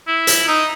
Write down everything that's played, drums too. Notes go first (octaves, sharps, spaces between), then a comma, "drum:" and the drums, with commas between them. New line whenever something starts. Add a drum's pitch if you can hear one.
E4
drum: hi-hat
D#4